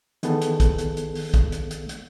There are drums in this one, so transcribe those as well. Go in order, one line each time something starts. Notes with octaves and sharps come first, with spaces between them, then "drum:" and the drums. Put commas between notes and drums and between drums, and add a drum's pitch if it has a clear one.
D#3 E3 B3 G#4 A4, drum: hi-hat
drum: hi-hat
drum: kick, hi-hat
drum: hi-hat
drum: hi-hat
drum: open hi-hat
drum: kick, hi-hat
drum: hi-hat
drum: hi-hat
drum: hi-hat